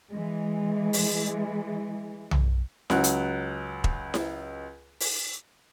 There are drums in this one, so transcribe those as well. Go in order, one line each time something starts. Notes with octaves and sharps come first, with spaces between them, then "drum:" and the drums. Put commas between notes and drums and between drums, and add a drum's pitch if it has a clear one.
E3 G#3
drum: open hi-hat
drum: tom B1
C#2 F#3 F#6, drum: snare E4
drum: hi-hat
drum: kick E1
drum: snare E4
drum: open hi-hat